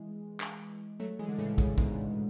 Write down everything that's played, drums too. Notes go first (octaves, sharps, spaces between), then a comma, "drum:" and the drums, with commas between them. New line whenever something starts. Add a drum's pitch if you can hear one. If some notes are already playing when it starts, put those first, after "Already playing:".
Already playing: E3 G#3
drum: clap
F#3 A3
E3 G#3
D3
A2 C#3
A2 C#3, drum: kick
G#2 B2, drum: kick